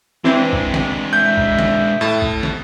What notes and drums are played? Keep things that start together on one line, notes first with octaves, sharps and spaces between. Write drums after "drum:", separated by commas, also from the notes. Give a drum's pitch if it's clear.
E3 G#3 C4 D4
drum: kick
drum: snare
E5 G6
drum: kick
drum: snare
A2 A5
drum: kick
drum: snare